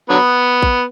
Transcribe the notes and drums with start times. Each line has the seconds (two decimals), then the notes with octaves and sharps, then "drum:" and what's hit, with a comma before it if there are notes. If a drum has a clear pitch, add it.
0.10 D3 F#3 B3
0.62 drum: kick